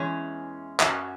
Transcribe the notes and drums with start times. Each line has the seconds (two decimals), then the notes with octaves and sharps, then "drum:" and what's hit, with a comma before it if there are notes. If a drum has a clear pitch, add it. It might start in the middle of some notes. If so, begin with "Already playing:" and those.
Already playing: E2 E3 G#3 C#4
0.80 F#2 F#3 C#4 E5, drum: clap